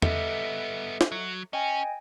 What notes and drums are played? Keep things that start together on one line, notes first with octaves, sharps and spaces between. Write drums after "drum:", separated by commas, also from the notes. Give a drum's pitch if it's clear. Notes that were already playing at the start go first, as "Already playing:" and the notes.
G3 B3 A4 D#5 E5, drum: tom E2
drum: snare
F#3
C#4 D#5 G5 G#5